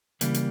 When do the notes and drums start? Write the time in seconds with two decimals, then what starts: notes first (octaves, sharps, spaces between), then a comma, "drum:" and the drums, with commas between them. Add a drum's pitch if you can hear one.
0.21 C#3 E3 G3 A#3, drum: hi-hat
0.34 drum: hi-hat